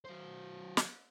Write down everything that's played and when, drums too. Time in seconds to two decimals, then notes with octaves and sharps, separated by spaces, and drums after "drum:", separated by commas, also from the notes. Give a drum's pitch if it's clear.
0.05 F#3 C5
0.77 drum: snare